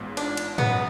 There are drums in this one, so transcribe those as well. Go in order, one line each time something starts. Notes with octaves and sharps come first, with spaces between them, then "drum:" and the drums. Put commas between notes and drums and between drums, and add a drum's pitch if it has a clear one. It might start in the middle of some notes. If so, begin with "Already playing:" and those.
Already playing: A1 G#2 G#3 B3 F4
D4, drum: cymbal
drum: cymbal
F#2 C#3 G#3 B3, drum: tom